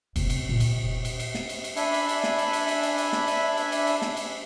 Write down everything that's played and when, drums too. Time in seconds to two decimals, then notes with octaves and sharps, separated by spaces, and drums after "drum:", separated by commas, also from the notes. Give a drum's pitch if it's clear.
0.16 F1 C3, drum: cymbal
0.30 C4, drum: cymbal
0.49 A#2
0.60 drum: cymbal
0.83 E1
1.05 drum: cymbal
1.20 drum: cymbal
1.34 drum: snare
1.49 drum: cymbal
1.64 drum: cymbal
1.77 D4 E5 G#5 B5, drum: cymbal
1.94 drum: cymbal
2.09 drum: cymbal
2.24 drum: snare
2.38 drum: cymbal
2.53 drum: cymbal
2.68 drum: cymbal
2.83 drum: cymbal
2.98 drum: cymbal
3.13 drum: snare
3.28 drum: cymbal
3.57 drum: cymbal
3.72 drum: cymbal
3.87 drum: cymbal
4.02 drum: snare
4.17 drum: cymbal